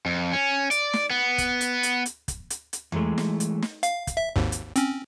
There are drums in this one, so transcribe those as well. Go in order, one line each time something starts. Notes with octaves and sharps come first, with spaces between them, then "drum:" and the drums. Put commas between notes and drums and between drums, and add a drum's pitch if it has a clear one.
F2
C#4
D5, drum: hi-hat
drum: snare
B3
drum: kick, hi-hat
drum: hi-hat
drum: hi-hat
drum: hi-hat
drum: kick, hi-hat
drum: hi-hat
drum: hi-hat
E3 F#3 G#3 A3, drum: tom E2
drum: snare
drum: hi-hat
drum: snare
F5, drum: hi-hat
drum: kick, hi-hat
E5
G#1 D#2 G#2
drum: hi-hat
C4 C#4, drum: hi-hat